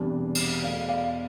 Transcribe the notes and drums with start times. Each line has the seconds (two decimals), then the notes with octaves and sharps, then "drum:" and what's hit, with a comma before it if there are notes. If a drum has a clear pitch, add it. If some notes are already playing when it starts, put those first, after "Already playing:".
Already playing: E1 E2 C3 G3 D4
0.35 drum: cymbal
0.63 E2 B2 A3 D5 F5
0.89 D5 F5